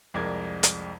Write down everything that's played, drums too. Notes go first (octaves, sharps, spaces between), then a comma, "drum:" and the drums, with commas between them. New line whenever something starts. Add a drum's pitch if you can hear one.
C2 F2 G#3 A#4 D5 G#6
drum: hi-hat